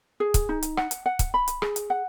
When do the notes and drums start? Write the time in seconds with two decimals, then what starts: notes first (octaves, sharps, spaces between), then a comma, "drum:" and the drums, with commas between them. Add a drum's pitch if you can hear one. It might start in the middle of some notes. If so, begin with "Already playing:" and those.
0.20 G#4
0.34 drum: kick, hi-hat
0.49 D#4
0.63 drum: hi-hat
0.77 F#5, drum: rim click
0.91 drum: hi-hat
1.06 F#5
1.19 drum: kick, hi-hat
1.34 B5
1.48 drum: hi-hat
1.62 G#4, drum: rim click
1.76 drum: hi-hat
1.90 F#5